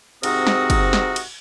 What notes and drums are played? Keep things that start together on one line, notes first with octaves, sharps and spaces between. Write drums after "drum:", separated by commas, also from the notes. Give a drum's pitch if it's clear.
G#2 C3 C4 F#4 A#4 D#6, drum: cymbal
drum: snare
drum: kick, cymbal
drum: snare
drum: cymbal